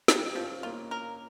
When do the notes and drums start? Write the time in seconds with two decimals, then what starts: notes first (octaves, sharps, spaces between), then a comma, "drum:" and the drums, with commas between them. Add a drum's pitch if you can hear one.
0.08 F3 D#4 G4, drum: snare
0.35 F3 C#4 F4
0.63 A#3 C#4 F4
0.91 A#4